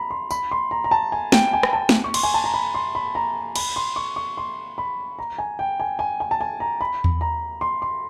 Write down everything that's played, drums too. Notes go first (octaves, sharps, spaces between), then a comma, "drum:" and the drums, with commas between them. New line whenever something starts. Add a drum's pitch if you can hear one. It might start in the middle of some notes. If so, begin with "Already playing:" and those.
Already playing: A#5 B5
C6
B5, drum: tambourine
C6
A#5
A#5
A5
G#5
G5, drum: snare
G#5
drum: rim click
A5
drum: snare
C#6
C6, drum: cymbal
G#5
A5
A#5
B5
C6
B5
A#5
B5, drum: cymbal
C6
C#6
C#6
C6
B5
A#5
G#5
G5
G#5
G#5
G#5
A5
G#5
A#5
B5
drum: tom E2
A#5
C6
C6